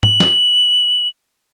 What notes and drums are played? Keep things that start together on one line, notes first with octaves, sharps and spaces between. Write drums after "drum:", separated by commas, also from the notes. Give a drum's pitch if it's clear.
F#7, drum: tom
drum: snare